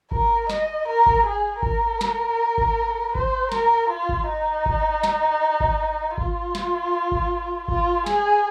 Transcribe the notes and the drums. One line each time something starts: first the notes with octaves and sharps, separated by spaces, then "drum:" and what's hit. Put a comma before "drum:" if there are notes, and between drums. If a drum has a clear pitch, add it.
A#4, drum: kick G#1
D#5, drum: snare
A#4
drum: kick G#1
G#4
A#4, drum: kick G#1
drum: snare
drum: kick G#1
C5, drum: kick G#1
A#4, drum: snare
F4
drum: kick G#1
D#4
drum: kick G#1
drum: snare
drum: kick G#1
F4, drum: kick G#1
drum: snare
drum: kick G#1
F4, drum: kick G#1
G#4, drum: snare